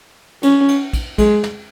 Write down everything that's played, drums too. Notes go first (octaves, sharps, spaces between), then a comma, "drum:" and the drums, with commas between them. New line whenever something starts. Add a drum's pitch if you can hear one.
C#4, drum: cymbal
drum: cymbal
drum: kick, cymbal
G#3, drum: kick, cymbal
drum: snare